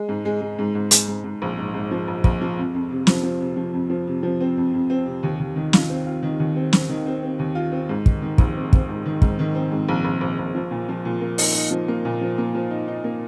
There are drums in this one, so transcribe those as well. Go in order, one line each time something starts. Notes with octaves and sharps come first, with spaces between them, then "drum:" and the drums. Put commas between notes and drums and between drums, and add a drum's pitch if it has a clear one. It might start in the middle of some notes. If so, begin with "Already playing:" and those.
Already playing: G#3
G#2
G#3
G#3
G#2
G#2
G#3, drum: hi-hat
G#2
G#2
A#1
G#2
G#2
F3
A#1
A#1, drum: kick
F3
F2
F2
C3
F3, drum: snare
F3
C3
F3
F2
F3
C3
F3
C4
F2
F2
C4
C3
D#2
D#2
D#3
F4, drum: snare
C4
F4
D#3
D#2
C4
C4, drum: snare
D#3
C4
C4
D#2
F4
C4
G#2
D#3, drum: kick
D#3
A#1, drum: kick
C4
C4, drum: kick
G#2
D#3
G#2, drum: kick
D#3
C4
G#2
A#1
A#1
A#1
A#1
F3
A#2
F3
A#2
A#3
D#4, drum: open hi-hat
D#4
F3
A#3
A#2
F3
A#3
F3
D#4
D#4
A#3